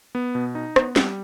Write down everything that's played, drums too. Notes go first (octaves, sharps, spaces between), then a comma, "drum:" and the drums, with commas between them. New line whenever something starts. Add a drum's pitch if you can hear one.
B3
B2
D#4
B3, drum: rim click
G3, drum: snare